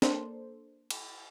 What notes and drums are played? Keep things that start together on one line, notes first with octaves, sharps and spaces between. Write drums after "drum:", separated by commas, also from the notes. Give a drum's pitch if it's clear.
A#3 D4 A4 C5, drum: snare
drum: cymbal